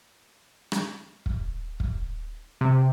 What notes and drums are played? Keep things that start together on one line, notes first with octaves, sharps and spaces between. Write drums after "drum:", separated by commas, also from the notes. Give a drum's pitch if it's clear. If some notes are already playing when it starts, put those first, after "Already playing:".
drum: rim click
drum: kick
drum: kick
C3